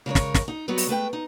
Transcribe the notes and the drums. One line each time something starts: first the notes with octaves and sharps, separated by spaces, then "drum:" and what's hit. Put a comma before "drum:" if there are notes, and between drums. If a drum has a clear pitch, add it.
C#3 G#3 A#4 C#5
drum: snare
drum: snare
D#4
F#3 G3 B3 F#4 C#5
drum: open hi-hat
G#3 A3 B4 G5
D#4